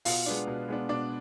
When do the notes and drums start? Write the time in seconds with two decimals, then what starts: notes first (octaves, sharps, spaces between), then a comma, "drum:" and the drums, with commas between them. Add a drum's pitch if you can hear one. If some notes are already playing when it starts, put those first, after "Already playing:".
0.05 B2 F4 F5, drum: open hi-hat
0.26 G#3 B3 D4
0.47 B2
0.68 G#3 B3 D4
0.89 B2 D4 D5